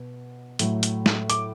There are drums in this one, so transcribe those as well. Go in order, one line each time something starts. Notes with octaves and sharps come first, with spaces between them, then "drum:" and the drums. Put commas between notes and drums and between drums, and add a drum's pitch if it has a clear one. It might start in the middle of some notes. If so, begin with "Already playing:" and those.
Already playing: B2 B3
A2 F#3 A3, drum: hi-hat
drum: hi-hat
drum: snare
D6, drum: hi-hat